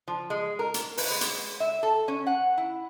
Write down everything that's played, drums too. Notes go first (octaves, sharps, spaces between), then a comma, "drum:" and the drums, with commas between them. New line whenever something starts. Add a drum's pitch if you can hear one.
F3
G#3
A#4
drum: hi-hat
B4, drum: open hi-hat
G#3
drum: hi-hat
E5
A4
C#4
F#5
E4